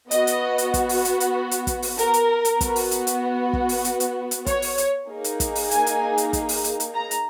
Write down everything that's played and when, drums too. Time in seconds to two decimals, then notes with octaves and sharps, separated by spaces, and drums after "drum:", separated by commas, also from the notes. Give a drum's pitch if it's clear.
0.11 B3 F#4 D#5, drum: hi-hat
0.27 drum: hi-hat
0.58 drum: hi-hat
0.74 drum: kick, hi-hat
0.89 drum: open hi-hat
1.05 drum: hi-hat
1.20 drum: hi-hat
1.51 drum: hi-hat
1.67 drum: kick, hi-hat
1.82 drum: open hi-hat
1.98 A#4, drum: hi-hat
2.14 drum: hi-hat
2.45 drum: hi-hat
2.61 B3 F#4, drum: kick, hi-hat
2.76 drum: open hi-hat
2.91 drum: hi-hat
3.07 drum: hi-hat
3.53 drum: kick
3.69 drum: open hi-hat
3.84 drum: hi-hat
4.00 drum: hi-hat
4.31 drum: hi-hat
4.46 C#5, drum: kick, hi-hat
4.62 drum: open hi-hat
4.78 drum: hi-hat
5.09 A#3 D#4 G#4
5.24 drum: hi-hat
5.40 drum: kick, hi-hat
5.55 drum: open hi-hat
5.71 G#5, drum: hi-hat
5.87 drum: hi-hat
6.18 drum: hi-hat
6.33 drum: kick, hi-hat
6.49 drum: open hi-hat
6.64 drum: hi-hat
6.80 drum: hi-hat
6.95 A#5
7.11 drum: hi-hat